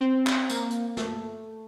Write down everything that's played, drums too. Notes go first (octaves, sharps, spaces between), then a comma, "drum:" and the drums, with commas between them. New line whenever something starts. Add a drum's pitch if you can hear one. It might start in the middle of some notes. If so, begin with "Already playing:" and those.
C4
drum: clap
A#3, drum: tambourine
drum: hi-hat
A3, drum: snare